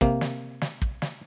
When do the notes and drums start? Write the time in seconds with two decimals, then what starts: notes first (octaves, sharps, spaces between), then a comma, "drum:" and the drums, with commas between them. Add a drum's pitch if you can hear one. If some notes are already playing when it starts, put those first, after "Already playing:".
0.01 C3 A#3, drum: kick
0.21 drum: snare
0.61 drum: snare
0.82 drum: kick
1.02 drum: snare